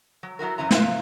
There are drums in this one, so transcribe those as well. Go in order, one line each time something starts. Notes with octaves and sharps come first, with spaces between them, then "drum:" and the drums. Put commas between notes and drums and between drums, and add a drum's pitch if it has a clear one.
F#3
F#3 E4 F#4 A#4
F#2 E3 C#4 E4 A#5
C4 F4 B4 E5, drum: snare
F3